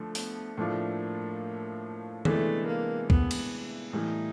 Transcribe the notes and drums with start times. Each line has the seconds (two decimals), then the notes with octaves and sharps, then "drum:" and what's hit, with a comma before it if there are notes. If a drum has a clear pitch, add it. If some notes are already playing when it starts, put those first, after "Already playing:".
Already playing: D3 F3 A3
0.15 B3, drum: open hi-hat
0.57 A2 F3 A3 A#3 D4 F4
2.25 C3 E3 G#3 A3 B3 D4, drum: tom D3
2.67 A#3
3.10 B3, drum: kick
3.31 drum: cymbal
3.93 A2 E3 G3 D#4